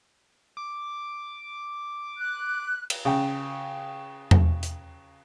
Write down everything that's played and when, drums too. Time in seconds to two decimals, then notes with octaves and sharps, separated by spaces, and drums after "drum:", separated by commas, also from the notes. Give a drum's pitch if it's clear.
0.57 D6
2.18 F#6
2.90 drum: cymbal
3.05 C#3 G5
4.31 drum: tom E2
4.63 drum: hi-hat